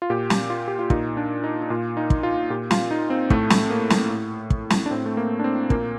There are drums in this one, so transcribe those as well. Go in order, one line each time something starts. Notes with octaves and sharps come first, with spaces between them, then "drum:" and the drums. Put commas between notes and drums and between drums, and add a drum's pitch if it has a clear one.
F4
A#2 G4
drum: snare
F4
G4
F4
A#2 D#4, drum: kick
D4
D#4
D#4
A#2 F4
D#4
drum: kick
F4
A#2 G4
F4, drum: snare
D#4
C4
A2 A3, drum: kick
drum: snare
A#3
drum: snare
A2
drum: kick
drum: snare
D4
A2 C4
A3
A#3
D4
C4
A#2 A#3, drum: kick